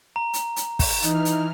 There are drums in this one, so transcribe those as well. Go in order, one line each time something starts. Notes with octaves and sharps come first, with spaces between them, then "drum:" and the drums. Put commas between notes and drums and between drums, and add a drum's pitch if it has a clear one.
A#5
drum: hi-hat
drum: hi-hat
drum: kick, open hi-hat
E3 D#4 F6, drum: hi-hat
drum: hi-hat